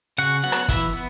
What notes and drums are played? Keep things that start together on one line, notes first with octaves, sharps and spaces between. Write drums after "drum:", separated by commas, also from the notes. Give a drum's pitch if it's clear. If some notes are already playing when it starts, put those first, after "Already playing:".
C#3 F#4 F#5
F#3 B3 F#4 F#5
drum: rim click
E3 E4 E5, drum: kick, hi-hat
B3